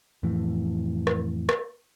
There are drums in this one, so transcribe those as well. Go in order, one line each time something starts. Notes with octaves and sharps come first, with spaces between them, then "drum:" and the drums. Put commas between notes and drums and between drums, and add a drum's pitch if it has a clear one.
F2 A2 E3
drum: rim click
drum: rim click